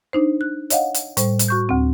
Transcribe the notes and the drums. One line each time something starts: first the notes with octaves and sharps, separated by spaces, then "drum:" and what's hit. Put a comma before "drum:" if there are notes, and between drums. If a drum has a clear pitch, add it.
D4 D#4 C5
F#6
C#5 D#5 F5 F#5, drum: hi-hat
drum: hi-hat
A2 G3 C5, drum: hi-hat
drum: hi-hat
F#4 C#6 G6
D2 C4